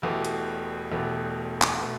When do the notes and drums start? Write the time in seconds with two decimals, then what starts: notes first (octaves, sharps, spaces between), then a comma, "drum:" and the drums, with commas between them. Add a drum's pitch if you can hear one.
0.02 E1 E2 B2 A3 G4
0.25 drum: hi-hat
0.91 E1 E2 B2 A3 G4
1.62 drum: clap
1.81 B2 A3